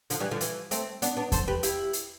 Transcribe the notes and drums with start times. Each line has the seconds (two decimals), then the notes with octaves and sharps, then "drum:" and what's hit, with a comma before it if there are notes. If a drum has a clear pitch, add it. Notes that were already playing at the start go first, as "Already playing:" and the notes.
0.10 D3 F3, drum: hi-hat
0.20 E3 G3
0.31 D3 F3
0.41 E3, drum: hi-hat
0.71 A3 C4, drum: hi-hat
1.02 B3 D4, drum: hi-hat
1.17 B3 D4
1.32 A4 C5, drum: kick E2, hi-hat
1.48 G4 B4
1.63 E4 G4, drum: hi-hat
1.93 drum: hi-hat